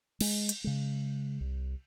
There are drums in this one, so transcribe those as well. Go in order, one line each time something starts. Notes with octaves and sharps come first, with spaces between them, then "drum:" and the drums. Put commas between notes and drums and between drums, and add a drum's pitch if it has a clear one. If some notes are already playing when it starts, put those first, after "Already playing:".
G#3, drum: cymbal
drum: hi-hat
C#3 G#3
C2